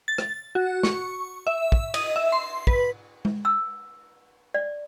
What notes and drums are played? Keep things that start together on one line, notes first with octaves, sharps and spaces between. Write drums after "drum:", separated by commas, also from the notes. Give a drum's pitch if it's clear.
A6
drum: rim click
F#4
C#6, drum: snare
E5
drum: kick
D#5, drum: cymbal
E5
C6
B4, drum: kick
drum: tom G#3
E6
D5